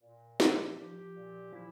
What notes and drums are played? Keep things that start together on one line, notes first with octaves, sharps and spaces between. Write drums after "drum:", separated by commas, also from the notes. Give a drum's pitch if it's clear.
A#2
F3 G4, drum: snare
F3 G4
A#2
F3 E4